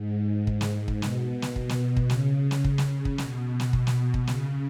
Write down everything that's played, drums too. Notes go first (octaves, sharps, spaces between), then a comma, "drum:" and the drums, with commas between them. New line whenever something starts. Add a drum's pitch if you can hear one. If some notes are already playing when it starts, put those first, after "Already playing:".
Already playing: G#2
drum: kick
drum: snare
drum: kick
B2, drum: snare
drum: snare
drum: kick
drum: snare
drum: kick
C#3, drum: snare
drum: snare
drum: kick
drum: snare
drum: kick
B2, drum: snare
drum: snare
drum: kick
drum: snare
drum: kick
C#3, drum: snare